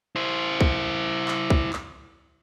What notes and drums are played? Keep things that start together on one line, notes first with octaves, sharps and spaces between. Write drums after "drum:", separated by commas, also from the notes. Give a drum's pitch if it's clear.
E4 C5
drum: kick C2
drum: clap
drum: kick C2
drum: clap